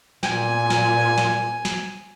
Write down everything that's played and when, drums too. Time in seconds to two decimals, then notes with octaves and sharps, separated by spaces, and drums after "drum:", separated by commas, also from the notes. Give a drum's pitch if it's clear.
0.23 A#2 G#5, drum: snare
0.70 drum: snare
1.18 drum: snare
1.65 drum: snare